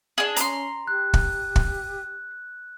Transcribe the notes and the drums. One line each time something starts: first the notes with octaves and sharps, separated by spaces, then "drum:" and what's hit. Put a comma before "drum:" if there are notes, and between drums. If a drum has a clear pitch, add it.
D4 G#4
C#4 A#5 C6, drum: hi-hat
G4 F#6
drum: kick
drum: kick